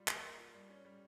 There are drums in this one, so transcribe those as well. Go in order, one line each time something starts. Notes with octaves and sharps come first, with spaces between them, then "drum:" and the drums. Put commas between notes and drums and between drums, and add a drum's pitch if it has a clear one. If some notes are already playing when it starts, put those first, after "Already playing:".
Already playing: G3 F4
A#3, drum: clap
A#4
F4
G3
C#4
G3